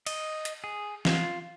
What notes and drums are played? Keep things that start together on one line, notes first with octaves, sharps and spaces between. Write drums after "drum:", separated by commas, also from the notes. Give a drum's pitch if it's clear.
D#5, drum: cymbal
drum: hi-hat
G#4
F4, drum: snare